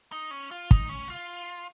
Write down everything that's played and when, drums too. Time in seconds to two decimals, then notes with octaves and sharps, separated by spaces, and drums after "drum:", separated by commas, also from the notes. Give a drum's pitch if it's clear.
0.12 D#4
0.31 C#4
0.51 F4
0.71 D#4, drum: kick
0.89 C#4
1.08 F4